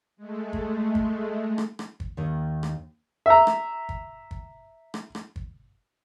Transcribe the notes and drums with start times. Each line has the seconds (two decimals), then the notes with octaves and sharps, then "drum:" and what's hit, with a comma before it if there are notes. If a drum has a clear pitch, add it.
0.17 G#3 A3
0.53 drum: kick
0.95 drum: kick
1.58 drum: rim click
1.79 drum: rim click
2.00 drum: kick
2.17 D#2 D#3
2.63 drum: rim click
3.26 E5 A#5
3.47 drum: rim click
3.89 drum: kick
4.31 drum: kick
4.94 drum: rim click
5.15 drum: rim click
5.36 drum: kick